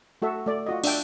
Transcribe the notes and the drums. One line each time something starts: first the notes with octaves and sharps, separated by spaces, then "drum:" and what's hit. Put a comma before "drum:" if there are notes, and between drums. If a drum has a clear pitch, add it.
A3 F#4 A4 E5
A3 D5
F4 F#4 D#5
D4 E5 G5, drum: cymbal